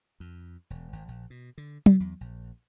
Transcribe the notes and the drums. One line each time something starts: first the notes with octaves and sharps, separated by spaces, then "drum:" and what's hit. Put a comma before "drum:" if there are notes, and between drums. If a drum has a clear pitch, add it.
F2
E1
G#1
A#1
B2
D3
C3, drum: tom F#3
E2
A#1